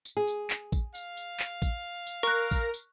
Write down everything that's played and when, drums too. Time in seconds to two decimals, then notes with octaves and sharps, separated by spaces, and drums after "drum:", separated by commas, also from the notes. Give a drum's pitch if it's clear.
0.05 drum: tambourine
0.17 G#4
0.28 drum: tambourine
0.50 drum: clap
0.72 drum: kick A#1, tambourine
0.95 F5, drum: tambourine
1.17 drum: tambourine
1.40 drum: clap
1.62 drum: kick A#1, tambourine
2.07 drum: tambourine
2.23 A#4 C#6 F#6
2.51 drum: kick A#1, tambourine
2.74 drum: tambourine